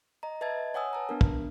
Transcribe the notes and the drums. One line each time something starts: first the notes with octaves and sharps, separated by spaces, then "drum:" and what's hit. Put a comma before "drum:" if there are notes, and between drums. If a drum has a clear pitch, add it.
D#5 A#5
B4 D#5 E5 A5 G#6 A6
C#5 F#5 G#5 D#6 E6
B4 A5 A#5
B3 D4 A#4
drum: kick